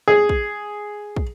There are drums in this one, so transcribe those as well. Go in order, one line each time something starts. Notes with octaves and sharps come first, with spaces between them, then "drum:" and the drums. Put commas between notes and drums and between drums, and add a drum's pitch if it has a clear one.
G#4
drum: kick
drum: kick